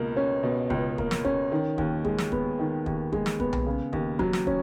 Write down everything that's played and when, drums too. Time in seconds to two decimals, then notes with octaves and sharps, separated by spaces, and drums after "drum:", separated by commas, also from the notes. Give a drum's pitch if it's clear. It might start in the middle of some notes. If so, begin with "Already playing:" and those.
Already playing: C#2 B2 A#3
0.16 C#4
0.43 B2
0.70 C#2, drum: kick
0.98 A#3, drum: kick
1.11 drum: snare
1.25 C#4, drum: kick
1.52 D#3
1.78 D#2, drum: kick
2.04 G#3, drum: kick
2.18 drum: snare
2.32 B3, drum: kick
2.59 D#3
2.86 D#2, drum: kick
3.12 G#3, drum: kick
3.26 drum: snare
3.40 B3, drum: kick
3.53 drum: tom B1
3.66 C#3
3.93 D#2, drum: kick
4.19 F#3, drum: kick
4.33 drum: snare
4.47 C#4, drum: kick